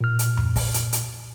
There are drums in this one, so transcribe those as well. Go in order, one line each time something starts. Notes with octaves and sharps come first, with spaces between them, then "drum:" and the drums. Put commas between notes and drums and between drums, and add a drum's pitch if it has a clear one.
A#2 F6
drum: hi-hat
drum: tom F2
drum: kick, open hi-hat
drum: hi-hat
drum: hi-hat